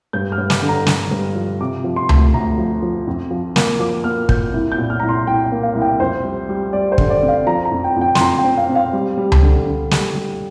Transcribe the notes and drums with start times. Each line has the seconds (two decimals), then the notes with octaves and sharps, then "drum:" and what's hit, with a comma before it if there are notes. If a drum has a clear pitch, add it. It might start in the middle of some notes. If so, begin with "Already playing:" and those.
0.13 G2 G6
0.32 F6
0.38 G2
0.50 D6, drum: snare
0.62 D3
0.69 A#5
0.87 D3, drum: snare
1.11 G2
1.35 F3
1.60 C3 D6
1.84 F3
1.96 C6
2.09 D2, drum: tom C#2
2.34 D2 A#5
2.58 F3
2.82 F3
3.07 F2
3.31 F3
3.56 A#3, drum: snare
3.80 F3 D6
4.04 A#3 F6
4.29 A#3 G6, drum: kick
4.54 C2
4.72 G6
4.78 A#2
4.90 F6
5.00 C2 A#5
5.09 C6
5.27 C2 G5
5.45 G5
5.52 A#3
5.63 F5
5.75 C2
5.82 G5
6.00 F2 C5
6.25 G3
6.49 G3
6.73 G3 D5
6.92 C5
6.98 D3, drum: kick
7.10 D5
7.23 C4
7.28 F5
7.47 F3 A#5
7.65 A#5
7.71 F2
7.84 G5
7.96 F2
8.01 G5
8.15 C6, drum: snare
8.20 F2 A#5
8.39 G5
8.44 C4
8.57 F5
8.69 C4
8.75 F5
8.93 G3
9.18 G3
9.32 drum: tom C#2
9.42 D3
9.67 D3
9.91 G3, drum: snare
10.15 G3